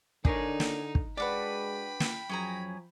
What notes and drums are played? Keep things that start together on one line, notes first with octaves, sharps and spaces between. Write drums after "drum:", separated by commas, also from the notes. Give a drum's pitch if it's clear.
D3 D4 D#4 G#4 A#4 C#5, drum: kick
drum: snare
drum: kick
G#3 D4 F#4 B4 D5 G5 B5
drum: snare
F#2 F3 C#4 G#4 A#5